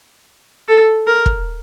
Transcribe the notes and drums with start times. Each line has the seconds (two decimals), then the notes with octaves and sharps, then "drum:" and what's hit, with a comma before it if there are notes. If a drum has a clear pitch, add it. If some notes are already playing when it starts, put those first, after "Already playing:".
0.68 A4
1.07 A#4
1.26 drum: kick